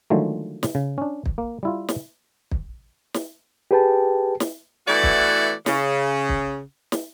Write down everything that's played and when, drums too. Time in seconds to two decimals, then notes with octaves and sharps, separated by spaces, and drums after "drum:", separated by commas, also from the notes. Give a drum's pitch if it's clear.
0.10 D3 D#3 F3 F#3 G#3 A3
0.63 drum: snare
0.75 C#3
0.98 C#4 D4
1.26 drum: kick
1.38 A#3
1.63 G3 E4 F4
1.89 drum: snare
2.51 drum: kick
3.14 drum: snare
3.71 G4 G#4 B4 G5 A5
4.40 drum: snare
4.87 E3 A3 B3 E4 F#4 D5
5.03 drum: kick
5.66 C#3, drum: snare
6.29 drum: kick
6.92 drum: snare